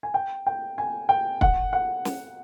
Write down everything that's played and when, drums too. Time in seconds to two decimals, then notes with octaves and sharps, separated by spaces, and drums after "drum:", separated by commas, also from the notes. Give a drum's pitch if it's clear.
0.03 G#5
0.14 G5
0.47 G5
0.78 G#5
1.09 G5
1.41 F#5, drum: kick
1.73 F#5
2.05 drum: snare